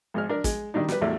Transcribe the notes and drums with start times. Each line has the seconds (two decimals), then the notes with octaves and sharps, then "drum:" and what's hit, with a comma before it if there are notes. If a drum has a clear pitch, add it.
0.14 G#1 G#3 F6
0.29 D4 A#4
0.44 G#3, drum: kick, hi-hat
0.74 D#3 G3 D4 D#4
0.89 G3 B4, drum: snare
1.01 A1 E2 A3 D5